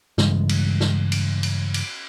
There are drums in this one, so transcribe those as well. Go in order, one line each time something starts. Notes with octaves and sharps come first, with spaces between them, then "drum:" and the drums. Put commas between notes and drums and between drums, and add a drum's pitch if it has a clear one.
G2 C#3 E3 G#3, drum: snare
drum: cymbal
drum: snare
drum: cymbal
drum: cymbal
drum: cymbal